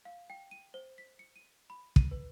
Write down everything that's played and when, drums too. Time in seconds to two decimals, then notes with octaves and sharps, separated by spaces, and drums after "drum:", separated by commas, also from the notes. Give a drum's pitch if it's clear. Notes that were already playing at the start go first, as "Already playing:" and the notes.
0.05 F5
0.30 G5
0.51 D#7
0.74 C5
0.98 B6
1.19 C#7
1.36 D#7
1.70 B5
1.96 D#7, drum: kick
2.11 B4